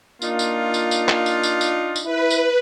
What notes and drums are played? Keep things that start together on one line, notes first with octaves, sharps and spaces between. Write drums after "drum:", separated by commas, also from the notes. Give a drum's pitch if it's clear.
A#3 D4 D#4 F4, drum: tambourine
drum: tambourine
drum: tambourine
drum: tambourine
drum: clap
drum: tambourine
drum: tambourine
drum: tambourine
drum: tambourine
E4 B4
drum: tambourine